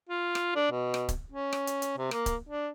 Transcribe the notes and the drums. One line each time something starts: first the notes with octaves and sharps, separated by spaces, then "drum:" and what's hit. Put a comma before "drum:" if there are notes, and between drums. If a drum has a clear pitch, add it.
F4
drum: rim click
D4
B2
drum: rim click
drum: kick C#1, hi-hat
C#4
drum: rim click
drum: hi-hat
drum: hi-hat
C3
A#3, drum: rim click
drum: kick C#1, hi-hat
D4